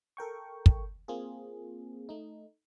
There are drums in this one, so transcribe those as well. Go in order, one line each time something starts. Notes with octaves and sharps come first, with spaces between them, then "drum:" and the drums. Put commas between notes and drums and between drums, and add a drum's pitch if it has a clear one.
A4 A#4 G5 C#6
drum: kick
A#3 C4 F4 G#4
A3 D#4